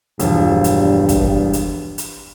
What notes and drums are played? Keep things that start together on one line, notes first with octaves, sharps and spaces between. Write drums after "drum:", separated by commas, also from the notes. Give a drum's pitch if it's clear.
E1 G2 F3, drum: hi-hat
drum: hi-hat
drum: kick, hi-hat
drum: hi-hat
drum: hi-hat